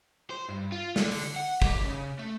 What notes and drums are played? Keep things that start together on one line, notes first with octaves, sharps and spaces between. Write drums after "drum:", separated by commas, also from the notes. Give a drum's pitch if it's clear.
C5
G2
F4
D3, drum: snare
drum: open hi-hat
F#5
G4, drum: kick
C#3
A3